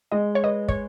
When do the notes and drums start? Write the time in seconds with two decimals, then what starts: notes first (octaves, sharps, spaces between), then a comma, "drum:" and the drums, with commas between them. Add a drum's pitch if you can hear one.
0.12 G#3 D#5
0.35 C#5
0.43 B4 D#5
0.68 C#5, drum: kick